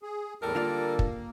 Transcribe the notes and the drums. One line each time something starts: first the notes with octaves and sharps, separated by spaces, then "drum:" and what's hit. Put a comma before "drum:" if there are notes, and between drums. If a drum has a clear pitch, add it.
G#4
E2 A2 G3 A4 A#4
D3 A#3 F4 D5
drum: kick